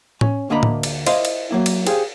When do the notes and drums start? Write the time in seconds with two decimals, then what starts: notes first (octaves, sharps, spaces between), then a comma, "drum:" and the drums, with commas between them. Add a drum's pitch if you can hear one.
0.21 C#4, drum: tom A2
0.50 D2 A#3 D4 D#5 A#5 B5
0.63 drum: tom A2
0.83 drum: cymbal
1.06 E4 C5 D5 D#5 F5, drum: cymbal
1.25 drum: cymbal
1.51 F#3 A#3 E4
1.66 drum: cymbal
1.87 G4 G#4 C5 F5, drum: cymbal